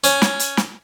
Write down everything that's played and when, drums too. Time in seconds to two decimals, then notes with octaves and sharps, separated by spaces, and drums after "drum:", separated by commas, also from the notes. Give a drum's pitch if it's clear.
0.04 C#4, drum: hi-hat
0.22 drum: snare
0.39 drum: hi-hat
0.57 drum: snare